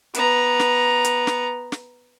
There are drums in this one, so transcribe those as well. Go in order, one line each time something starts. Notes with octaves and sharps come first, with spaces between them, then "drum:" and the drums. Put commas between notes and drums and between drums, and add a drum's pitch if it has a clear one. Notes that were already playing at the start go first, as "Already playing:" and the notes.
B3 A#5, drum: hi-hat
drum: snare
drum: hi-hat
drum: snare
drum: snare